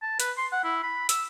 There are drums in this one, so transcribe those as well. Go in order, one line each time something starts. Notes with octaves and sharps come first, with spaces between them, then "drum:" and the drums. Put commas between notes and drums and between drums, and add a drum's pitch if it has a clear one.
A5
B4, drum: hi-hat
C6
F#5
E4
B5
E6, drum: hi-hat